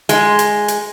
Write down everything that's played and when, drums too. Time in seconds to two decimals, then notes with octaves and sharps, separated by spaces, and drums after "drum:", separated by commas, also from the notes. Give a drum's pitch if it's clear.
0.09 G#3, drum: hi-hat
0.39 drum: hi-hat
0.68 drum: hi-hat